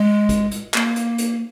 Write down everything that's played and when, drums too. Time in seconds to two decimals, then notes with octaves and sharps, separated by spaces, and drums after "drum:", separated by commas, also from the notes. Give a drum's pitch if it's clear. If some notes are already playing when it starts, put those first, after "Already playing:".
Already playing: G#3
0.29 drum: kick, hi-hat
0.51 drum: hi-hat
0.74 A#3, drum: clap
0.96 drum: hi-hat
1.18 drum: hi-hat